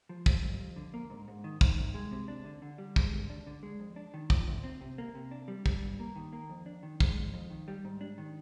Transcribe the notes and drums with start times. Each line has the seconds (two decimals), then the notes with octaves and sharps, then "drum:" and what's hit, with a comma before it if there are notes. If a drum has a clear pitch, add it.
0.09 F3
0.26 G3, drum: kick
0.43 F2
0.60 F2
0.76 D3
0.94 A#3
1.10 G#2
1.28 G#2
1.44 D#3
1.61 D#3, drum: kick
1.77 C2
1.94 G#3
2.11 C3
2.28 D4
2.45 D3
2.62 D3
2.78 G3
2.96 G#3, drum: kick
3.13 D2
3.30 D4
3.47 D3
3.63 G#3
3.80 F2
3.96 D4
4.14 D#3
4.30 F3, drum: kick
4.48 D2
4.64 C4
4.81 C3
4.98 A#3
5.15 C3
5.31 D4
5.48 G3
5.66 G3, drum: kick
5.82 G2
6.00 A#3
6.16 D#3
6.33 A#3
6.49 F2
6.66 D4
6.83 D#3
7.00 G#3, drum: kick
7.16 F2
7.34 F2
7.50 D#3
7.68 G3
7.85 G#2
8.01 D4
8.18 D#3